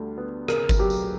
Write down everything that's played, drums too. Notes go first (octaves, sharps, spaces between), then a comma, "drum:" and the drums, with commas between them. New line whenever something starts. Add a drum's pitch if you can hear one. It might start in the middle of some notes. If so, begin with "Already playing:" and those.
Already playing: D2 D3 G3
B3
C#3 A#4, drum: rim click
drum: kick G1, tambourine
F#3 G4
drum: tambourine